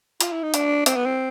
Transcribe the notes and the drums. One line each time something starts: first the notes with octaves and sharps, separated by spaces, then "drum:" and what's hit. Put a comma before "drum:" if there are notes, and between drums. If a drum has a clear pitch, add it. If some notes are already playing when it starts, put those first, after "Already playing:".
F4, drum: hi-hat
E4
D#4
D4, drum: hi-hat
C4, drum: hi-hat
B3
C4